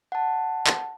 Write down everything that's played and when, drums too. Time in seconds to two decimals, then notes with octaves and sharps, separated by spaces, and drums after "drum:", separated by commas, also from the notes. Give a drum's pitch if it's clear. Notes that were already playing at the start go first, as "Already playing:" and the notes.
0.12 F#5 A5
0.67 drum: clap